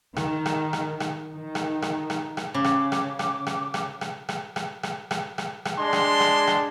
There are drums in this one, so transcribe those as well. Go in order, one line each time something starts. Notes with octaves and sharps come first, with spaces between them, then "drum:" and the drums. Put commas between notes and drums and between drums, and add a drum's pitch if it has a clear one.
D#3, drum: rim click
drum: rim click
drum: rim click
drum: rim click
D#3
drum: rim click
drum: rim click
drum: rim click
drum: rim click
C#3 D6
drum: rim click
drum: rim click
drum: rim click
drum: rim click
drum: rim click
drum: rim click
drum: rim click
drum: rim click
drum: rim click
drum: rim click
drum: rim click
drum: rim click
G#3 D4 C6
drum: rim click
drum: rim click
drum: rim click